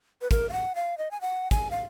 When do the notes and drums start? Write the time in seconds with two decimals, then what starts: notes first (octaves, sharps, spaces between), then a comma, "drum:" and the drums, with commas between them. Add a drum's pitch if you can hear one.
0.21 B4
0.31 A#4, drum: kick, hi-hat
0.49 F5
0.53 F#5
0.75 F5
0.98 D#5
1.11 G#5
1.21 F#5
1.51 G#5, drum: kick, hi-hat
1.71 F5